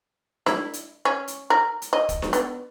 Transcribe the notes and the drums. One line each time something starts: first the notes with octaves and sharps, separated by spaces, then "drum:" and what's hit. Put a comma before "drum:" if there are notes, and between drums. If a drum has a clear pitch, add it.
E4, drum: snare D4
drum: hi-hat
C#4
drum: hi-hat
A#4
drum: hi-hat
D#5
drum: kick, hi-hat
drum: snare D4
B3, drum: hi-hat